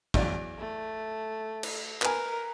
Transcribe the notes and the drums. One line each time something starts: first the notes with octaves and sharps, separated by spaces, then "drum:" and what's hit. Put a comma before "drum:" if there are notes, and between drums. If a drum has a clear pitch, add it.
E2 F#3 D5, drum: kick
A3
drum: cymbal
A#4 B4 G#5, drum: clap